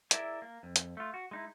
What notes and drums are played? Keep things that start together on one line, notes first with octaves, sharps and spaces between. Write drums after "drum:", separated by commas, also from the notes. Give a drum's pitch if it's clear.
E4 G#4 A#4 D5 E5, drum: hi-hat
A#3
F2
drum: hi-hat
A3 F4
F#4
G#3 D#4 E4